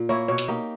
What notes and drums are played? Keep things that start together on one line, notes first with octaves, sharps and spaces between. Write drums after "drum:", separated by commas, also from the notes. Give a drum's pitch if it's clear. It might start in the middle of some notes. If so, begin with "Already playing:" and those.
Already playing: A#2
A#3 E4 C#5
B2 C#5
drum: hi-hat
A#3 D#4 G4